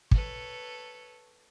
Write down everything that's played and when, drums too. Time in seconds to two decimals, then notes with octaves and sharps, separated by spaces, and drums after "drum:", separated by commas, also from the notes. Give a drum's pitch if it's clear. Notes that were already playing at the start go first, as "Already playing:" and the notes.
0.11 A4 B4 C#5, drum: kick